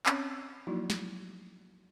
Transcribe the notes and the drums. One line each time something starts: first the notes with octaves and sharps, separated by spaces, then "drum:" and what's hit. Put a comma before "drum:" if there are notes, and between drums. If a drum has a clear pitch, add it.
C4 C#4 C#5, drum: clap
F3 F#3 A#3 D#4 E4 F#4
drum: snare